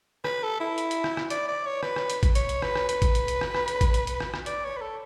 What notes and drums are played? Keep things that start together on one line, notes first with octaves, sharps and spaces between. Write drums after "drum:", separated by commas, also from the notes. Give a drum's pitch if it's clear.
B4, drum: rim click
A4
E4
drum: hi-hat
drum: hi-hat
drum: rim click
drum: rim click
D5, drum: hi-hat
D5
C#5
B4, drum: rim click
drum: rim click
drum: hi-hat
drum: kick A1, hi-hat
C#5, drum: hi-hat
drum: hi-hat
B4, drum: rim click
drum: rim click
B4, drum: hi-hat
drum: kick A1, hi-hat
drum: hi-hat
drum: hi-hat
drum: rim click
drum: rim click
drum: hi-hat
drum: kick A1, hi-hat
drum: hi-hat
drum: hi-hat
drum: rim click
drum: rim click
D5, drum: hi-hat
C#5
B4
A4